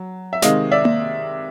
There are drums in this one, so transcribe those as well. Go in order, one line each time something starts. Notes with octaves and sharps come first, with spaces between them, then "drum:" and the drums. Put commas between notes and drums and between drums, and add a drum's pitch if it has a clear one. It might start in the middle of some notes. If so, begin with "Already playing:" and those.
Already playing: F#3
E5
C3 D#3 G#3 C4 D#5 F5, drum: snare
D5 E5
drum: tom A#3